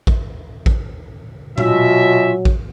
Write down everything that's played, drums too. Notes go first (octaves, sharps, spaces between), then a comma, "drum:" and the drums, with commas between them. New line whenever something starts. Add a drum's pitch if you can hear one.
drum: kick A1
drum: kick A1
B2 F#3 C#4 F4 E5, drum: tom A#2
drum: kick A1